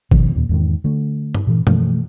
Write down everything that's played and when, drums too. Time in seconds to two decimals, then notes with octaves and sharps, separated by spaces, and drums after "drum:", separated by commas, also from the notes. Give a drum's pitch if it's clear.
0.11 B2 D#3 F3 B3, drum: kick G#1
0.36 D#2 A#2
0.49 E2 G#2 D#3
0.84 D3 A3
1.35 drum: tom G2
1.47 A#2 E3
1.67 B2 E3 F3 A3, drum: tom F#2